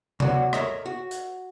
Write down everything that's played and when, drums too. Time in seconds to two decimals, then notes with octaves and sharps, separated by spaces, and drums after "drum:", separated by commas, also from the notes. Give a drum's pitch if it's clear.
0.20 D3 F#3 B3 F#4, drum: tom C3
0.53 A4 A#4 C#5 D#5 E5, drum: rim click
0.86 F#4
1.11 drum: hi-hat